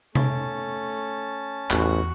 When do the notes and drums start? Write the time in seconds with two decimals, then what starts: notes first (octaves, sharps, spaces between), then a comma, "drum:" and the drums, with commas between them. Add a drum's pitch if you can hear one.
0.15 A3 C#4 A5, drum: tom C3
1.70 A1 E2 F#4 F#5, drum: clap